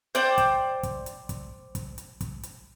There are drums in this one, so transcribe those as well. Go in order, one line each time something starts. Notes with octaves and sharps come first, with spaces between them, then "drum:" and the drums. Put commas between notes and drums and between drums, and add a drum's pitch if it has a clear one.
C5 D5 G5, drum: hi-hat
drum: kick, hi-hat
drum: kick, hi-hat
drum: hi-hat
drum: kick, hi-hat
drum: kick, hi-hat
drum: hi-hat
drum: kick, hi-hat
drum: hi-hat